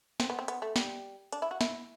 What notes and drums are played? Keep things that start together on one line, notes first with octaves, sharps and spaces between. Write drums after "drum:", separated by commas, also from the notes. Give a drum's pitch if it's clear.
C4, drum: snare
B3
C4
B3, drum: hi-hat
A3
G3, drum: snare
D4, drum: hi-hat
E4
F#4
E4, drum: snare